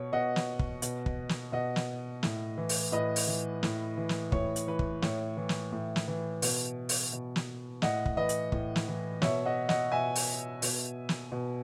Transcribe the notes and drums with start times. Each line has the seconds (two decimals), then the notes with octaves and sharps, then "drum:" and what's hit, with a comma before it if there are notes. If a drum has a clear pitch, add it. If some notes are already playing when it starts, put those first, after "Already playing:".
Already playing: B2 C#5
0.12 B2 D#5 F#5
0.36 drum: snare
0.59 drum: kick
0.82 B2, drum: hi-hat
1.06 drum: kick
1.29 drum: snare
1.52 B2 D#5 F#5
1.76 drum: snare
2.23 A2, drum: snare
2.57 E3
2.69 drum: open hi-hat
2.92 A2 B4 D#5
3.16 drum: open hi-hat
3.27 E3
3.63 A2, drum: snare
3.97 E3
4.09 drum: snare
4.32 A2 C#5, drum: kick
4.56 drum: hi-hat
4.67 E3 B4
4.79 drum: kick
5.02 A2 C#5, drum: snare
5.37 E3
5.49 drum: snare
5.72 A2
5.96 drum: snare
6.08 E3
6.42 B2, drum: open hi-hat
6.89 drum: open hi-hat
7.13 B2
7.36 drum: snare
7.82 A2 D#5 F#5, drum: snare
8.06 drum: kick
8.17 E3 B4 D#5
8.29 drum: hi-hat
8.52 A2, drum: kick
8.76 drum: snare
8.88 E3
9.22 B2 C#5 E5, drum: snare
9.45 D#5 F#5
9.69 D#5 F#5, drum: snare
9.92 B2 E5 G#5
10.16 drum: open hi-hat
10.62 B2, drum: open hi-hat
11.09 drum: snare
11.32 B2